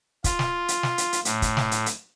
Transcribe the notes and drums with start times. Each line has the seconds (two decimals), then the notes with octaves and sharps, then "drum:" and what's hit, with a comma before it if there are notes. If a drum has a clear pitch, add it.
0.24 F4, drum: kick, hi-hat
0.39 drum: snare
0.68 drum: hi-hat
0.83 drum: snare
0.98 drum: hi-hat
1.13 drum: hi-hat
1.25 A2, drum: hi-hat
1.42 drum: kick, hi-hat
1.57 drum: snare
1.71 drum: hi-hat
1.86 drum: hi-hat